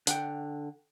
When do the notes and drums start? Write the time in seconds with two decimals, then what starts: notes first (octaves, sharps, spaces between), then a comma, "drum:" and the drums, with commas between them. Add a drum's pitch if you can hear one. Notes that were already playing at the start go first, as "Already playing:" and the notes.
0.07 D3 F#5 G5, drum: hi-hat